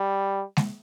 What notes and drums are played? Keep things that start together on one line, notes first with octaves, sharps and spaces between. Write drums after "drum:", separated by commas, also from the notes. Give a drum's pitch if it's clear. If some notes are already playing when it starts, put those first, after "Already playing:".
Already playing: G3
drum: snare G#3